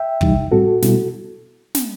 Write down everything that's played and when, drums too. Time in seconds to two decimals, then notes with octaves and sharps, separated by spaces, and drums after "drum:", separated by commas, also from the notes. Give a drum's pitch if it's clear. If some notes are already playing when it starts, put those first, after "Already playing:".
Already playing: E5 G5
0.21 C3 E3 G3 D#4, drum: kick
0.51 A2 G3 C4 F#4 A4
0.83 B2 G3 B3 E4, drum: snare
1.75 drum: snare